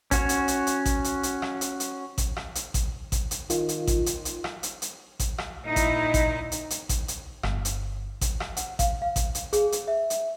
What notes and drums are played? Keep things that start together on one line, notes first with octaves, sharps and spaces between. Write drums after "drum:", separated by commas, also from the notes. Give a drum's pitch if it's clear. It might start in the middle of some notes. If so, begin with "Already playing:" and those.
C#4 F#4 C#5, drum: kick A1, hi-hat
drum: hi-hat
drum: hi-hat
drum: hi-hat
drum: kick A1, hi-hat
drum: hi-hat
drum: hi-hat
drum: rim click
drum: hi-hat
drum: hi-hat
drum: kick A1, hi-hat
drum: rim click
drum: hi-hat
drum: kick A1, hi-hat
drum: kick A1, hi-hat
drum: hi-hat
D#3 F4, drum: hi-hat
drum: hi-hat
drum: kick A1, hi-hat
drum: hi-hat
drum: hi-hat
drum: rim click
drum: hi-hat
drum: hi-hat
drum: kick A1, hi-hat
drum: rim click
A#2 D#4 E4
drum: kick A1, hi-hat
drum: kick A1, hi-hat
drum: hi-hat
drum: hi-hat
drum: kick A1, hi-hat
drum: hi-hat
G1, drum: rim click
drum: hi-hat
drum: kick A1, hi-hat
drum: rim click
F#5, drum: hi-hat
F5, drum: kick A1, hi-hat
F5
drum: kick A1, hi-hat
drum: hi-hat
G#4, drum: hi-hat
drum: hi-hat
E5
drum: hi-hat